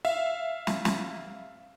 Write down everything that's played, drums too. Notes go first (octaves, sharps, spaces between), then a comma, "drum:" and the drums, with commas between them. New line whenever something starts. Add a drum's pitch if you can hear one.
E5 F5
drum: snare
drum: snare